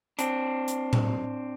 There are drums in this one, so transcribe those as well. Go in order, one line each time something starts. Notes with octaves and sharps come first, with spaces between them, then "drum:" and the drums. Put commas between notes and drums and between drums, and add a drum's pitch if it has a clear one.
C4 D4, drum: hi-hat
drum: hi-hat
drum: tom A2